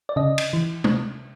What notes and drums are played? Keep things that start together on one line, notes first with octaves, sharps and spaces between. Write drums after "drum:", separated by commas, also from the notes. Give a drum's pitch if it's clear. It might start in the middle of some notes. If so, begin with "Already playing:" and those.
D5
C#3 D#5
drum: cymbal
E3
drum: tom